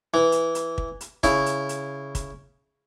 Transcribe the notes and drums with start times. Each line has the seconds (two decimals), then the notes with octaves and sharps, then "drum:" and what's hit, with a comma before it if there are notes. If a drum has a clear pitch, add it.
0.14 E3
0.32 drum: hi-hat
0.55 drum: hi-hat
0.78 drum: kick
1.01 drum: hi-hat
1.23 C#3 E4, drum: kick, hi-hat
1.46 drum: hi-hat
1.69 drum: hi-hat
2.15 drum: kick, hi-hat